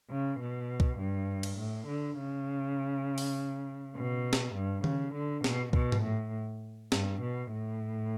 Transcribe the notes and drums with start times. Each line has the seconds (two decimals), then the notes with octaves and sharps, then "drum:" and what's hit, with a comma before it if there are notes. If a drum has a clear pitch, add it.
0.10 C#3
0.39 B2
0.80 drum: kick C2
0.98 G2
1.43 drum: cymbal
1.58 A2
1.88 D3
2.17 C#3
3.18 drum: open hi-hat
3.95 B2
4.33 drum: snare
4.55 G2
4.84 C#3, drum: tom D#3
5.14 D3
5.44 B2, drum: snare
5.73 B2, drum: kick C2
5.92 drum: tom G#2
6.03 A2
6.92 G2, drum: snare
7.21 B2
7.52 A2